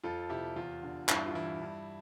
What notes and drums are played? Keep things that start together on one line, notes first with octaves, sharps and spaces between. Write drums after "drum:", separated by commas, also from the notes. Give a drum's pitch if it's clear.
F2 F4 A4
C3 E4 G4
E2 F4
D3
G2 E4, drum: clap
F4
E3 E4
G2